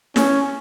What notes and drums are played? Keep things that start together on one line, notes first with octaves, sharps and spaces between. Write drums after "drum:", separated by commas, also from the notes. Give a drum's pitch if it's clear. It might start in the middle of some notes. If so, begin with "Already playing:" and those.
C#4, drum: snare